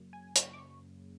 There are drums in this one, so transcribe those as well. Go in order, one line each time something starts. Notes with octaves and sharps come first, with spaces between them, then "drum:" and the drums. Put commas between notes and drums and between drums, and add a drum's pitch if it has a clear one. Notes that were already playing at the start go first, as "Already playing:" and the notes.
Already playing: F#2 C#3 F#3 A#3
G#5
C#6, drum: hi-hat
D6
C#6